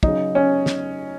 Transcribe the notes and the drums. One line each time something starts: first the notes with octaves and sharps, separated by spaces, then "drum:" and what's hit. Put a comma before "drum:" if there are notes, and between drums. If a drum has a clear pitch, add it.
C#3 F#3 D#4, drum: kick
C#4
drum: snare